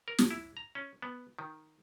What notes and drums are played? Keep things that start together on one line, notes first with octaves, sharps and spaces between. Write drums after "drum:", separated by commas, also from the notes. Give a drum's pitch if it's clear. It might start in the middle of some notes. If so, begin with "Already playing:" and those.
A#4
drum: snare
E4
A#5
C#4
B3
D#3